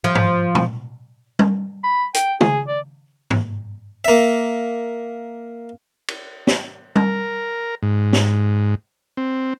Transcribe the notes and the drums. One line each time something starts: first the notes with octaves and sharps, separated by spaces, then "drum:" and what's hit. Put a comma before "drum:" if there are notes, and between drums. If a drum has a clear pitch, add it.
F3
drum: tom G2
drum: tom A#2
drum: tom G3
B5
G5, drum: hi-hat
G#4, drum: tom
D5
drum: tom G2
A#3 E5
drum: cymbal
drum: snare
A#4, drum: tom G3
G#2
drum: snare
C4